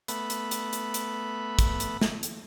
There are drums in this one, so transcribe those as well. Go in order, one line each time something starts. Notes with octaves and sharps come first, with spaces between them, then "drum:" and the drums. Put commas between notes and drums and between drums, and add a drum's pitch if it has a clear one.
A3 B3 B5, drum: hi-hat
drum: hi-hat
drum: hi-hat
drum: hi-hat
drum: hi-hat
drum: kick, hi-hat
drum: hi-hat
drum: snare
drum: hi-hat